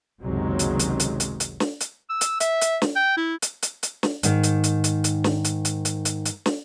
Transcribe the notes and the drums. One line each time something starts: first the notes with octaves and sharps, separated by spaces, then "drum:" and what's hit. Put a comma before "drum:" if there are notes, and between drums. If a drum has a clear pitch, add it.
F#1 C#2 C3 D#3 F#3 G#3
drum: hi-hat
drum: hi-hat
drum: hi-hat
drum: hi-hat
drum: hi-hat
drum: snare
drum: hi-hat
E6
drum: hi-hat
E5, drum: hi-hat
drum: hi-hat
drum: snare
G5
E4
drum: hi-hat
drum: hi-hat
drum: hi-hat
drum: snare
G#2 D#3, drum: hi-hat
drum: hi-hat
drum: hi-hat
drum: hi-hat
drum: hi-hat
drum: snare
drum: hi-hat
drum: hi-hat
drum: hi-hat
drum: hi-hat
drum: hi-hat
drum: snare